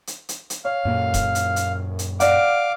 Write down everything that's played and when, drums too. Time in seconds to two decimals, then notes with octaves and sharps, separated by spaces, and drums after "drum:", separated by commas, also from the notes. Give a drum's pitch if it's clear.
0.07 drum: hi-hat
0.29 drum: hi-hat
0.50 drum: hi-hat
0.65 C#5 F5
0.85 F#2 A#2 A#3
1.14 drum: kick E1, hi-hat
1.35 drum: hi-hat
1.56 drum: hi-hat
1.99 drum: hi-hat
2.20 D5 F5 F#5 D6, drum: hi-hat